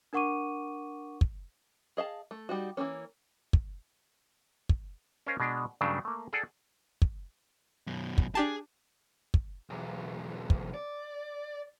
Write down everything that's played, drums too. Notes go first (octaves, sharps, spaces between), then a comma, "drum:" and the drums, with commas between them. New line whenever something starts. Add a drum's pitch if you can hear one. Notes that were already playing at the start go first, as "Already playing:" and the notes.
D4 A#4 F#5 C#6 D6 D#7
drum: kick
G#4 D#5 F5 A5
A3
G3 D#4 F#4
E3 F#3 A#3 C#4
drum: kick
drum: kick
C#4 A#4 C5 D#5 F5 G#5
B2 G#3 D4
G2 C#3 F#3 A3 D4
A3 A#3
G#4 A4 D5 F#5 G#5
drum: kick
F#2 B2
drum: kick
D4 G4 G#4 A5
drum: kick
B1 E2
drum: kick
D5